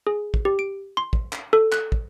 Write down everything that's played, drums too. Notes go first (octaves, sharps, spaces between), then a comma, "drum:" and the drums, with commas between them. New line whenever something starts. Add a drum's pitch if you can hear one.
G#4
drum: kick
G4
D7
C6
drum: kick
drum: clap
A4
F#6, drum: clap
drum: kick